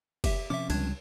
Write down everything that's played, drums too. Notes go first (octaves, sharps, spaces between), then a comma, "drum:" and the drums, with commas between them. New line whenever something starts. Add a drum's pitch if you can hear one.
G4 E5, drum: kick, cymbal
C3 F3 C#4 E5 D6
C#2 G3 D4 G#6, drum: cymbal